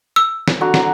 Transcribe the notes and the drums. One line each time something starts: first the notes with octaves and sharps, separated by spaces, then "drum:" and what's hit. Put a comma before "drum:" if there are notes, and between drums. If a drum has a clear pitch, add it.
E6
drum: snare
D3 F#4 A#5
drum: snare